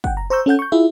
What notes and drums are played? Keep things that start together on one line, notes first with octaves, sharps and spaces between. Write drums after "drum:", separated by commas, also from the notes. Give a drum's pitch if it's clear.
F#5 G5, drum: kick
A#5
C5 A#5 C#6 E6 G6
C#4 A4 F#5 G6
C#6 G6
E4 F4 G#4 E5